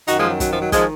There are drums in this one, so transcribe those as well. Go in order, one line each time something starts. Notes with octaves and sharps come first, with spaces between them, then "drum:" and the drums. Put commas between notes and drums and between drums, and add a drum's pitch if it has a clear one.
F#2 D#3 D#4 F#4, drum: hi-hat
F3 G#3
F#3
F#3, drum: kick, hi-hat
F3
F#3
D#3 F3 G#3, drum: kick, hi-hat